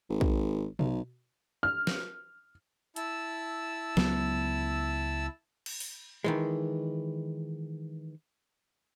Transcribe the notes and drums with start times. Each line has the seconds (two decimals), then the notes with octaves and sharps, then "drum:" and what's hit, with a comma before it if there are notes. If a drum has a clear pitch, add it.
0.09 G#1
0.21 drum: kick
0.79 B1, drum: tom B2
1.63 F6
1.87 drum: snare
2.96 E4 A5 E6, drum: hi-hat
3.97 C#2 F#3 B3, drum: snare
5.66 drum: cymbal
5.80 drum: open hi-hat
6.24 D#3 E3 G#3